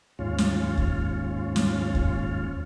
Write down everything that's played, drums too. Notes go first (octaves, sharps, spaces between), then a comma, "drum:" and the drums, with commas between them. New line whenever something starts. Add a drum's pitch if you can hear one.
D#2 G#2 C#4 F4
drum: snare
drum: kick
drum: snare
drum: kick